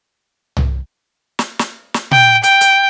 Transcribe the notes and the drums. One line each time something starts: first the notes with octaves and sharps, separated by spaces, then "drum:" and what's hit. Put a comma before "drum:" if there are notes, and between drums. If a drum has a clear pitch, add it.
drum: tom C2
drum: snare
drum: snare
drum: snare
G5, drum: tom A#2
G5, drum: hi-hat
drum: hi-hat